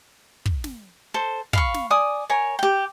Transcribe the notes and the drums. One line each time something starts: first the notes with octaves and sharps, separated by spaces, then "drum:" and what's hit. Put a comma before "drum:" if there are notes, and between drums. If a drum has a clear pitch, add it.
drum: kick
drum: snare
A4 C5
F5 B5 C#6, drum: kick
drum: snare
D5 G#5 D#6
A#4 C#5 G#5
G4 G5